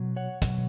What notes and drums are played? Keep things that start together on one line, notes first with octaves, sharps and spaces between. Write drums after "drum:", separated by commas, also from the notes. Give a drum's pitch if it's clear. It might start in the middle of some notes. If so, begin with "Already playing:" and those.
Already playing: B2 F#3
C#5 F#5
B2 F#3, drum: kick, hi-hat